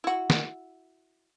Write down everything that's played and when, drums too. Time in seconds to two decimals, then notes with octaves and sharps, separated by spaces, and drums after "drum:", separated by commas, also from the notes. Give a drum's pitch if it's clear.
0.04 E4 F#4
0.30 drum: snare